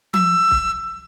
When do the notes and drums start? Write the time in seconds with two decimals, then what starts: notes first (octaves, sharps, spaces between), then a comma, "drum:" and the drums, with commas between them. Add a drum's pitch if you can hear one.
0.14 E6, drum: tom F3
0.51 drum: kick